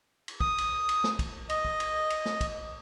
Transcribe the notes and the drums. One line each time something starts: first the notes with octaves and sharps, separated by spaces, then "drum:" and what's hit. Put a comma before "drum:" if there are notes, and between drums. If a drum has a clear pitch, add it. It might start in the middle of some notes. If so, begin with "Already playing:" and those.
drum: cymbal
D#6, drum: kick
drum: cymbal
drum: cymbal
drum: snare
drum: kick, cymbal
D#5, drum: cymbal
drum: kick
drum: cymbal
drum: cymbal
drum: snare
drum: kick, cymbal